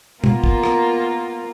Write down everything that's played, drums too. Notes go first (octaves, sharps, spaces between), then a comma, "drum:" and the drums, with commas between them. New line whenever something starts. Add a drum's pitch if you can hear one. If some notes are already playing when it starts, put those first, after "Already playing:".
A#3 B3 F4 A#4, drum: tom
drum: kick
drum: rim click